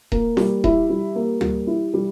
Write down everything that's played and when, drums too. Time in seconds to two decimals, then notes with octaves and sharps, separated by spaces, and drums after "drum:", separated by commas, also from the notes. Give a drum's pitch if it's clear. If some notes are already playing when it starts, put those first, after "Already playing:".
0.12 A#3, drum: kick D#1
0.37 G3, drum: snare E4
0.64 E4, drum: kick D#1
0.90 G3
1.15 A#3
1.41 G3, drum: tom
1.67 E4
1.94 G3